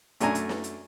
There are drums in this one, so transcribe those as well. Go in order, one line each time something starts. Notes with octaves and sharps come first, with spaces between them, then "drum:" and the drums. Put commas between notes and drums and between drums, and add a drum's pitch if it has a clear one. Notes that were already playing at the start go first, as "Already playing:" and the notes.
F#2 A3 D4 G#5 A#5, drum: hi-hat
drum: hi-hat
drum: snare
drum: hi-hat